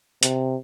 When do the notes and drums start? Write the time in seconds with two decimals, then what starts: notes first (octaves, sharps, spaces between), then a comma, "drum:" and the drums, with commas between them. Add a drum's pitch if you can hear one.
0.23 C3, drum: hi-hat